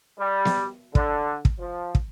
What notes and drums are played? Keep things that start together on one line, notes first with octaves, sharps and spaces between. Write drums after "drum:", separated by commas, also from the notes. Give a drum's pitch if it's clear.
G3
drum: snare B3
D3, drum: kick
drum: kick
F3
drum: kick